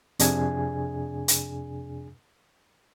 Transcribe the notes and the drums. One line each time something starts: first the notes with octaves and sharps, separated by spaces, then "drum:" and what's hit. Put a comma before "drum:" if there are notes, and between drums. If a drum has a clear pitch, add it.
F2 C3 D4 G#4 G#5, drum: hi-hat
drum: hi-hat